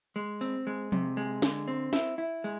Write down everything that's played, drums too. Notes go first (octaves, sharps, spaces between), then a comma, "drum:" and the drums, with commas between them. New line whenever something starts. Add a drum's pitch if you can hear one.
G#3
C4, drum: tambourine
G#3
C3, drum: tom F3
G#3
D3, drum: snare
C4
E4, drum: snare
E4
G#3, drum: tambourine